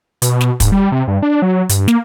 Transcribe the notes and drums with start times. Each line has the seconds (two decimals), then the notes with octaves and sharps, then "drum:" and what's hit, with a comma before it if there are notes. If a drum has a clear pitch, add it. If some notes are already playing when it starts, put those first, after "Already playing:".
0.22 B2, drum: hi-hat
0.41 drum: snare
0.60 G#2, drum: kick, hi-hat
0.72 G3
0.92 C3
1.08 G2
1.22 D4
1.42 F#3
1.69 G2, drum: hi-hat
1.88 A#3, drum: snare